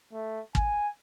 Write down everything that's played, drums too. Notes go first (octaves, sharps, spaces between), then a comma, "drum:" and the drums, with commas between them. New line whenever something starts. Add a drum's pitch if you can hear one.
A3
G#5, drum: kick